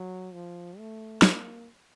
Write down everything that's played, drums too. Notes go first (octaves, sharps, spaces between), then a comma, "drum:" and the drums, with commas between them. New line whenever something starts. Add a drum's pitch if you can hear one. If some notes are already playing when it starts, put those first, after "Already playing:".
Already playing: F#3
F3
A3
A#3, drum: snare